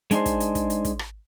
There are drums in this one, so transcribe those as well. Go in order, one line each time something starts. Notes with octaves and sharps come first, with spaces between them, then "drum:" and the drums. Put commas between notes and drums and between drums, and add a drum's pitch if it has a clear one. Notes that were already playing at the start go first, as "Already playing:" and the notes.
G#3 D4 D#4 G#4 C5, drum: hi-hat
drum: kick, hi-hat
drum: hi-hat
drum: kick, hi-hat
drum: hi-hat
drum: kick, hi-hat
drum: rim click